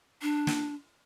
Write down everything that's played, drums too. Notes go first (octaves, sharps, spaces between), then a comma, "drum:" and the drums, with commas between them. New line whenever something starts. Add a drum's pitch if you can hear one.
D4
drum: snare